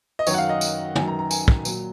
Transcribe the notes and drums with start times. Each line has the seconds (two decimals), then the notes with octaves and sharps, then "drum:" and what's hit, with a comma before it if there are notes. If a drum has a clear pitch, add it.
0.19 D#5
0.27 F#2 D#3 F#3 C#5, drum: tambourine
0.34 F#5
0.38 F5
0.49 D#5
0.61 drum: tambourine
0.95 F#2 D#3 F#3 G#5, drum: tom
1.08 A#5
1.19 A#5
1.31 G#5, drum: tambourine
1.48 drum: kick
1.65 A#2 F#3, drum: tambourine